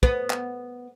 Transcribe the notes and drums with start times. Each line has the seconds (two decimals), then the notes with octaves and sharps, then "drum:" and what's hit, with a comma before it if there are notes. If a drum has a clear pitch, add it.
0.03 B3, drum: kick
0.30 drum: clap